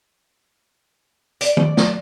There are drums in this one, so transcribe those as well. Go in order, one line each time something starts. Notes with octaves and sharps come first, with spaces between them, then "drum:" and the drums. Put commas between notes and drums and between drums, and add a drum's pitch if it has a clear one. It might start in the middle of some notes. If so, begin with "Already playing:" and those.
D5, drum: hi-hat
drum: tom D#3
drum: snare